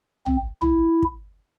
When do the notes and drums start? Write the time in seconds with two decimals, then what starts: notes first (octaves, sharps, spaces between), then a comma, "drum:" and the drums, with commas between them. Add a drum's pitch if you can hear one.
0.26 C4, drum: tom
0.62 E4, drum: tom
1.02 drum: kick